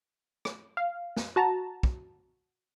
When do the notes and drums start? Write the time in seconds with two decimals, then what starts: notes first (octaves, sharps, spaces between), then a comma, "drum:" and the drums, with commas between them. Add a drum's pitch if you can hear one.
0.45 drum: rim click
0.77 F5
1.16 drum: snare
1.36 F#4 A5 A#5
1.83 drum: kick